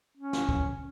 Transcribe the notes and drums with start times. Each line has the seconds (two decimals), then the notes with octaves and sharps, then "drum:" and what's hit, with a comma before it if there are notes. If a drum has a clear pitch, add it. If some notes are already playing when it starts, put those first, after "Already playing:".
0.17 C#4
0.33 drum: snare
0.49 drum: kick